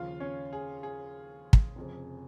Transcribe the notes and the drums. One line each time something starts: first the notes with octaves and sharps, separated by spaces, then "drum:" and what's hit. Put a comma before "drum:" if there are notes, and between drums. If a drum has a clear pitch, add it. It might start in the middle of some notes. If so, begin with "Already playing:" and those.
Already playing: D#2 C#3 F3 F4 F5
C#4 C#5
G#4
G#4
drum: kick
F1 F2 C#3